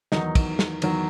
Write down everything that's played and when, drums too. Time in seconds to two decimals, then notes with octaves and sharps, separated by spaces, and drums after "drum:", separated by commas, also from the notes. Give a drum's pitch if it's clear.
0.12 E2 D#3 F#3 D#4, drum: snare
0.35 drum: kick, cymbal
0.59 drum: snare
0.82 E2 D#3 F#3, drum: cymbal